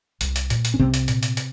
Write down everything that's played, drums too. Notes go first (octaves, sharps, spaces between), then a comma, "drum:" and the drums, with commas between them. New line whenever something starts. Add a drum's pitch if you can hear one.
C2, drum: hi-hat
drum: hi-hat
A#2, drum: hi-hat
drum: hi-hat
C#4
C2 C3 C4
drum: hi-hat
A#2, drum: hi-hat
drum: hi-hat
drum: hi-hat